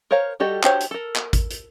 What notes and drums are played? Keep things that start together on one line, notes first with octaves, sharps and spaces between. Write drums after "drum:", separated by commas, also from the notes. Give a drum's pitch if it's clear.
A#4 C5 C#5 F5 A#5
G3 F#4 G4 A4 D#5
D4 F#4 G4 C5 C#5, drum: clap
drum: hi-hat
A4 A#4
drum: clap
drum: kick, hi-hat
drum: hi-hat